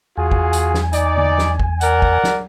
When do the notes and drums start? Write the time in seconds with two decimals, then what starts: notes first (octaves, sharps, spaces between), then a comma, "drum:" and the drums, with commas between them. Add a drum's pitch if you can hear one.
0.17 E2 F4 F#4 G#4 G#5
0.31 drum: kick
0.53 drum: hi-hat
0.74 drum: snare
0.93 D#4 D5, drum: hi-hat
1.17 drum: tom D3
1.38 drum: snare
1.60 drum: kick
1.81 A#4 D5 F#5, drum: hi-hat
2.02 drum: kick
2.24 drum: snare